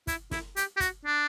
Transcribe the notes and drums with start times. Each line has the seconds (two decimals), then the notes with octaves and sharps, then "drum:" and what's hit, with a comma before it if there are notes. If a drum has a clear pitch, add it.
0.07 E4, drum: kick, hi-hat
0.31 E4, drum: snare
0.56 G4, drum: hi-hat
0.77 G4
0.80 F#4, drum: kick, hi-hat
1.05 D4